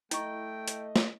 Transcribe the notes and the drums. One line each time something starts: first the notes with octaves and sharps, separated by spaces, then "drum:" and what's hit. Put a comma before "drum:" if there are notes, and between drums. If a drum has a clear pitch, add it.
A3 E4 D#5 G5 C#6, drum: hi-hat
drum: hi-hat
drum: snare